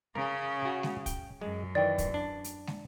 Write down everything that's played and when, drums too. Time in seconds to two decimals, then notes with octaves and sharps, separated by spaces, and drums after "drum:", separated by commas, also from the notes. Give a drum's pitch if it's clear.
0.15 C#3 C#4 A#4
0.65 F#4 F#5
0.83 drum: snare
1.06 G5, drum: kick, hi-hat
1.41 F#2 G#3
1.75 D#3 E3 D5 G5
1.98 drum: kick, hi-hat
2.14 D4
2.44 drum: hi-hat
2.67 drum: snare